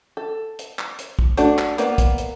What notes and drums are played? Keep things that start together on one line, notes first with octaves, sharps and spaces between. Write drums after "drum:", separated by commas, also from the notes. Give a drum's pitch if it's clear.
A4
drum: hi-hat
drum: clap
drum: hi-hat
drum: kick
A3 D4 F#4, drum: hi-hat
drum: clap
A#3 B3 D5, drum: hi-hat
drum: kick, hi-hat
drum: hi-hat